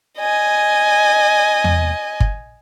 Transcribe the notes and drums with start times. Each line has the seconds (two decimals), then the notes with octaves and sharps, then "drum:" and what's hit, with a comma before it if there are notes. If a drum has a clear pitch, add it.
0.19 D#5 G#5
1.64 drum: tom E2
2.20 drum: kick G1